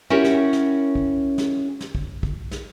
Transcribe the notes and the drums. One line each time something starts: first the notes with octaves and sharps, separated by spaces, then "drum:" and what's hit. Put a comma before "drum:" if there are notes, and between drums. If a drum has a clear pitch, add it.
C#4 E4 F#4 G4 A#4 C#5
drum: snare
drum: snare
drum: kick
drum: snare
drum: snare
drum: kick
drum: kick
drum: snare